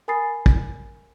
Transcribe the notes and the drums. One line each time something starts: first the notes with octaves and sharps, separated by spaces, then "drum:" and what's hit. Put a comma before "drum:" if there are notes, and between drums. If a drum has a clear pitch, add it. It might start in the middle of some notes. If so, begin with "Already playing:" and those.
A#4 G#5 B5 D#6 A6 C7
drum: kick